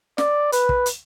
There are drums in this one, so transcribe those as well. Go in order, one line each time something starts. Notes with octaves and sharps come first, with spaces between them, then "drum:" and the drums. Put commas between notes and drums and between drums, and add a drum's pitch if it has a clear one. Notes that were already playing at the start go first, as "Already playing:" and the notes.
D5, drum: snare
B4, drum: hi-hat
drum: kick
drum: hi-hat